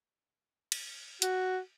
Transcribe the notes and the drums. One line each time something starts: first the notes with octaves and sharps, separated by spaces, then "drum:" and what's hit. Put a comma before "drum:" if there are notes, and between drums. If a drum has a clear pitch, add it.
drum: cymbal
F#4, drum: hi-hat